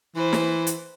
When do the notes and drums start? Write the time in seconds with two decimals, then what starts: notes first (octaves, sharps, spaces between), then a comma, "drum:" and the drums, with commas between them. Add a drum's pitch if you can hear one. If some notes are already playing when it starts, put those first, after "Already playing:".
0.16 E3 B4 C5
0.33 drum: snare
0.67 drum: hi-hat